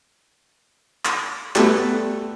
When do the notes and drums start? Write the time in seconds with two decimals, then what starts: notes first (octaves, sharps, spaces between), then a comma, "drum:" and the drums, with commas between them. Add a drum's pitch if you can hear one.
1.05 drum: clap
1.56 G3 A3 B3, drum: clap